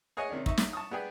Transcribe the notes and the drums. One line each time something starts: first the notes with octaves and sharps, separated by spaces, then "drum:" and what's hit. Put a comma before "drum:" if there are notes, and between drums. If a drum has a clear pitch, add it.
G#4 C#5 D#5 F#5 G#5
C3 D#3 C#4 D4
D#4 E5 C#6, drum: kick
drum: snare
A5 C#6 D#6
B3 D4 G4 G#4 B4 G5